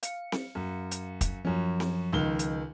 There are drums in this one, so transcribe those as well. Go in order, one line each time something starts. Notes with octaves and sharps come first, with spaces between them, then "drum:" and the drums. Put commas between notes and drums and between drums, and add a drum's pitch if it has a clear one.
F5 C#7, drum: hi-hat
drum: snare C4
F#2
drum: hi-hat
drum: kick, hi-hat
F#2 F3 C#4
drum: snare C4
C#2 D#3 G7
drum: hi-hat